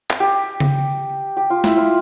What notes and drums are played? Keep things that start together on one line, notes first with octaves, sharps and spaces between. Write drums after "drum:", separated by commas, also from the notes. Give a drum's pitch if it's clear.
drum: clap
G4
drum: tom C#3
G4
F4
E4, drum: snare
F4